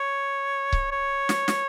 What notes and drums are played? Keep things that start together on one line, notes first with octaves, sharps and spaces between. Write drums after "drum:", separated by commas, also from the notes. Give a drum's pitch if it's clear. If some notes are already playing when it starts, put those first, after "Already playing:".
Already playing: C#5
drum: kick C#1
C#5
drum: snare
drum: snare